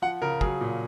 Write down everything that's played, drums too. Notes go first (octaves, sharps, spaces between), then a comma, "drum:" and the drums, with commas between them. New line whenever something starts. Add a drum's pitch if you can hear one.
F3 F#5
C#3 A#4
F#3 G#4, drum: kick
A#2